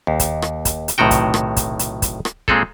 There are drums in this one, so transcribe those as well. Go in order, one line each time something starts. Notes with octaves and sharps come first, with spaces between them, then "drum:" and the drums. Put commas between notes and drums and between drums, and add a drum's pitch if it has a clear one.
D#2
drum: kick, hi-hat
drum: rim click
drum: kick, hi-hat
drum: hi-hat
B1 A2 C3 D#3 F#4 G5
drum: kick, hi-hat
drum: rim click
drum: kick, hi-hat
drum: hi-hat
drum: kick, hi-hat
drum: rim click
A#2 G#3 C4 G#4 A4, drum: kick